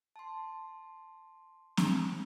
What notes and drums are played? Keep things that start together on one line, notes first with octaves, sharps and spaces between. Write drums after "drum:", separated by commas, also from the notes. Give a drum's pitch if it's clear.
A5 C6
drum: snare C4